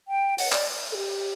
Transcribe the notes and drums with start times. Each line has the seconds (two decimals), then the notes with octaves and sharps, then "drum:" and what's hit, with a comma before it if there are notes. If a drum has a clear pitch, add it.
0.08 G5
0.38 F#5, drum: open hi-hat
0.53 D5, drum: clap
0.92 A4
0.97 G4